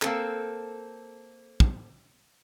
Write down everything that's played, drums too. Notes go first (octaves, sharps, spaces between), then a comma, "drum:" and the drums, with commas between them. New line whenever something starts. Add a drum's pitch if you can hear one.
A#3 C4 A4, drum: clap
drum: kick